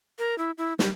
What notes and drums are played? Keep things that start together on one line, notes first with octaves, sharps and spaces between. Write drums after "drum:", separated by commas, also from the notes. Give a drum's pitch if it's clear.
A#4
E4
E4
G3, drum: snare